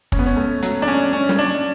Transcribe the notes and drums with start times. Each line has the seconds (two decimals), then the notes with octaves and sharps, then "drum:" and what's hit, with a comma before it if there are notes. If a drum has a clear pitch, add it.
0.12 C#4, drum: kick
0.19 B3
0.26 C#4
0.36 A3
0.62 F#3, drum: hi-hat
0.82 D4
0.88 C#4
1.13 C#4
1.29 drum: snare
1.39 D4